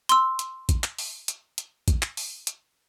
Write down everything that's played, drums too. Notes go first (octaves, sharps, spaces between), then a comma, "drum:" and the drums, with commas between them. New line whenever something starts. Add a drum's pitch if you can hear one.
C6 E6, drum: hi-hat
drum: hi-hat
drum: kick A#1, hi-hat
drum: clap
drum: open hi-hat
drum: hi-hat
drum: hi-hat
drum: kick A#1, hi-hat
drum: clap
drum: open hi-hat
drum: hi-hat